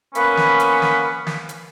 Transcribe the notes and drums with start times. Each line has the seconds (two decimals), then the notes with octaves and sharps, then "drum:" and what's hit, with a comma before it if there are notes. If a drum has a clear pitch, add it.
0.15 A#3 B3 C#4 B4, drum: hi-hat
0.37 drum: snare
0.60 drum: hi-hat
0.82 drum: snare
1.27 drum: snare
1.49 drum: hi-hat